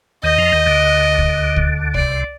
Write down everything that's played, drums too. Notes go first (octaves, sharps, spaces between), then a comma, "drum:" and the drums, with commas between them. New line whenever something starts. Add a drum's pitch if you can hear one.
D#2 D#3 D#5
F2 F3
D#2 D#3
D2 D3
drum: kick C#2
drum: kick C#2
C2 C3 D5, drum: kick C#2